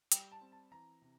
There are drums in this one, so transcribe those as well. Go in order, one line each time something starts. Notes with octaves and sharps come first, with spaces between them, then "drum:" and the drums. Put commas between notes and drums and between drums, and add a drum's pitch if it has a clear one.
G3 G5, drum: hi-hat
A5
C4
A5
E3 A#5
C3